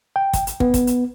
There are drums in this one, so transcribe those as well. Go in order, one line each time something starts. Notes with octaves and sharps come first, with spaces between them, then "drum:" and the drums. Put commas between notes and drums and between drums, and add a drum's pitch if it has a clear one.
G5
drum: kick, hi-hat
drum: hi-hat
B3, drum: kick
drum: kick, hi-hat
drum: hi-hat